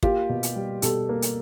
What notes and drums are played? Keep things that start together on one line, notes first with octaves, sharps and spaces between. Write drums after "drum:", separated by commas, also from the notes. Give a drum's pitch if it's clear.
A#3 F4 G4, drum: kick
B2
drum: hi-hat
G3
B2 G4 A4, drum: hi-hat
A#3
drum: hi-hat